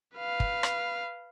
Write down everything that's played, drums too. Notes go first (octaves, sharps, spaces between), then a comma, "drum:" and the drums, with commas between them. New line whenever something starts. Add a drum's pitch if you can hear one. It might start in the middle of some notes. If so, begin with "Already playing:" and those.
B4 F5
drum: kick
drum: rim click